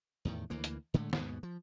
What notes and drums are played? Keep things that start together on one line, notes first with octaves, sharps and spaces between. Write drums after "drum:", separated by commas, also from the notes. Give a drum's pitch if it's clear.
E2 A2 D#3
D2 E3 A#3
drum: hi-hat
A2 D3 G#3 A3
D#2 G#2 B2 B3, drum: snare
F3